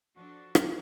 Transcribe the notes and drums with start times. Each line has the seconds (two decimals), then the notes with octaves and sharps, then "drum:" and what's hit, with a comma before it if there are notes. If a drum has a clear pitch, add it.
0.16 F3 D4 F#4 A4
0.55 drum: rim click